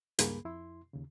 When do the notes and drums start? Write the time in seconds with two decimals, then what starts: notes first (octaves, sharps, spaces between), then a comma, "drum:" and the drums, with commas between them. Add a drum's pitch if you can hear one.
0.19 C#2 G2 A#3 G#4 B5, drum: hi-hat
0.45 F2 E4 C6
0.93 D#2 C#3